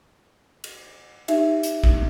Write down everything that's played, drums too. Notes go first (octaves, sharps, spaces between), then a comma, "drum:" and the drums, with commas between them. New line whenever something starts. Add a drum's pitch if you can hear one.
drum: cymbal
D#4 G4 E5, drum: cymbal
drum: hi-hat
drum: kick